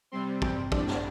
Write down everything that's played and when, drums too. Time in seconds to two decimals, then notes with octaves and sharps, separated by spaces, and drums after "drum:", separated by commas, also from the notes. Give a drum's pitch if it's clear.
0.12 C3 G3 C4 C6
0.42 G5, drum: kick
0.72 A2 G3 D4 D5, drum: kick
0.87 drum: snare